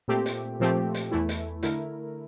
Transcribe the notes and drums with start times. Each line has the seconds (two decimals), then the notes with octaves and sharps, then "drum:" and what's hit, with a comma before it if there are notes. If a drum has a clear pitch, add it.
0.08 A#2 A3 C4 G4
0.26 drum: hi-hat
0.60 A#2 F3 A3 C4 G4
0.94 drum: hi-hat
1.12 E2 E3 A3 E4
1.29 drum: hi-hat
1.63 D3 A3 E4 A#4, drum: hi-hat